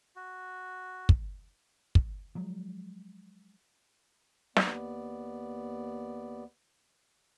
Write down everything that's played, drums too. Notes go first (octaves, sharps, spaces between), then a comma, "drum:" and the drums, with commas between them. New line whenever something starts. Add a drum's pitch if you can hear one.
F#4
drum: kick
drum: kick
F3 F#3 G#3
D#2 B3 D5, drum: snare